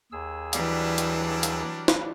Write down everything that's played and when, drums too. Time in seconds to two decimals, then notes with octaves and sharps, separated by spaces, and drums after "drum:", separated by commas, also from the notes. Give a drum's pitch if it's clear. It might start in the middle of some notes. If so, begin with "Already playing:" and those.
0.12 D#2 G#4 E6
0.53 E3 F#3 G3 D4, drum: hi-hat
0.98 drum: hi-hat
1.43 drum: hi-hat
1.88 drum: snare